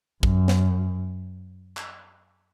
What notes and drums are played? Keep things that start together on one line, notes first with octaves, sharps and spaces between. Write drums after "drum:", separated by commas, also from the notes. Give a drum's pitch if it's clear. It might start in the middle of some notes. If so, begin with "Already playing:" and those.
F#2, drum: kick
drum: snare
drum: clap